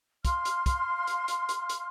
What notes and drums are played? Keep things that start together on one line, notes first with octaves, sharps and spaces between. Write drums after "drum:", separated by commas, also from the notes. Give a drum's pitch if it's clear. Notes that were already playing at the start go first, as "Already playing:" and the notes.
F5 C6 F6, drum: kick, hi-hat
drum: hi-hat
drum: kick, hi-hat
drum: hi-hat
drum: hi-hat
drum: hi-hat
drum: hi-hat